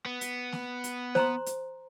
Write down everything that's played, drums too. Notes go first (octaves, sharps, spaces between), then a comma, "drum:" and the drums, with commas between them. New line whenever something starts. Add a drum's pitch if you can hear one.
B3
drum: hi-hat
drum: snare
drum: hi-hat
C5 A#5 C6, drum: snare
drum: hi-hat